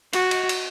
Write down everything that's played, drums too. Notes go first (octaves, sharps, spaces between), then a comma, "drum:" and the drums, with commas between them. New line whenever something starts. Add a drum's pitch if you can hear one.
F#4, drum: cymbal
drum: cymbal
drum: cymbal